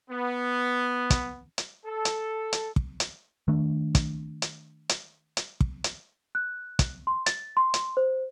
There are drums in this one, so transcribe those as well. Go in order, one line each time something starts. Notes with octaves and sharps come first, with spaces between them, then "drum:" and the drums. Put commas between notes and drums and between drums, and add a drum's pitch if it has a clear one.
B3
drum: kick, hi-hat
drum: hi-hat
A4
drum: hi-hat
drum: hi-hat
drum: kick
drum: hi-hat
D#3 A3 D4
drum: kick, hi-hat
drum: hi-hat
drum: hi-hat
drum: hi-hat
drum: kick
drum: hi-hat
F#6
drum: kick, hi-hat
C6
A6, drum: hi-hat
C6
drum: hi-hat
C5